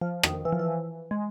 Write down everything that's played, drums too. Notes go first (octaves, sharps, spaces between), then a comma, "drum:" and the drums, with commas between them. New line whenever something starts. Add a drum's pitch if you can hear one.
F3
D#3, drum: rim click
E3
F3
E3
G#3